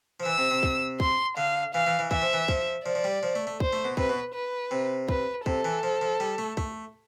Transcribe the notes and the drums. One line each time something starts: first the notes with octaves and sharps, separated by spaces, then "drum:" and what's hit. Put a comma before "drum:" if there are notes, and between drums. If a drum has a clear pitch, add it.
F3
E3 E6
C3
C3
drum: kick
C6, drum: kick
D3 F5
E3 F5
E3
E3
E3 E5, drum: kick
F3
E3
F3, drum: kick
F3 D5
F3
G3
F3
A3
A3
C5, drum: kick
A3
B2
C3 B4, drum: kick
B2
B4
C3
B4, drum: kick
C3 A4, drum: kick
E3
F3
F3
G3
A3
A3, drum: kick